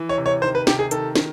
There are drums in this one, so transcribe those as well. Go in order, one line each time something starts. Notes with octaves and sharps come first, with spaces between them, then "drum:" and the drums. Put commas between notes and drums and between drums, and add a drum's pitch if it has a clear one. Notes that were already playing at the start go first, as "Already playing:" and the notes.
Already playing: E3
C#5
C3
C#5
D#3 C5
B4
C3 G4, drum: snare
G#4
D#3 A4, drum: hi-hat
D#3, drum: snare